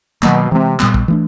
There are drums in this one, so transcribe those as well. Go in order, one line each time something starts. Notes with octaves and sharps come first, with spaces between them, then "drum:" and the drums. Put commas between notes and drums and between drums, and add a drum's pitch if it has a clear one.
B2 D#3 F#3 A#3, drum: clap
C3 E3 G#3 C4
A#2 G3 B3, drum: clap
drum: kick A#1
E3 A3 D4